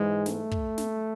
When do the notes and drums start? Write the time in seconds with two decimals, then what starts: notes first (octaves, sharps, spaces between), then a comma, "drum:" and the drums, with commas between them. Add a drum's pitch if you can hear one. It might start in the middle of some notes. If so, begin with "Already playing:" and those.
Already playing: G#2 E3 G#3
0.26 A3, drum: snare
0.51 drum: kick
0.78 drum: snare